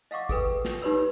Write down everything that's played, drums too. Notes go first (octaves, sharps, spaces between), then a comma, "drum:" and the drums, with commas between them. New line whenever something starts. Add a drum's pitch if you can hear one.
D#5 F5 F#5 C#6 D6
G#4 A4 B4 G5, drum: kick G#1
drum: snare
D#4 G4 B4 C#5 B5 E6